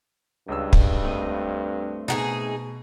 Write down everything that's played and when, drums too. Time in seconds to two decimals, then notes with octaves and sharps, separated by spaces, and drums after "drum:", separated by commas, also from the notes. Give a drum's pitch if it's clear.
0.48 C#2 G2 C#5 E6
0.73 drum: kick
1.05 A3 C4 D#5
2.08 B2 D#4 F#4 G#4